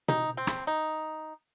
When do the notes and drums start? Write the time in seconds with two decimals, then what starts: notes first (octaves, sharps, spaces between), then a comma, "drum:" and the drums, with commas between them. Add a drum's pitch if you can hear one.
0.08 D#4, drum: tom
0.37 C4
0.47 drum: rim click
0.67 D#4